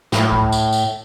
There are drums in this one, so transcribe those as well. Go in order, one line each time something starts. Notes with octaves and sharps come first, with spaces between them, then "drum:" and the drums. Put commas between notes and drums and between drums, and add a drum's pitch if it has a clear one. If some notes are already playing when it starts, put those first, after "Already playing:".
A2, drum: snare
drum: kick C#2
drum: tambourine
drum: tambourine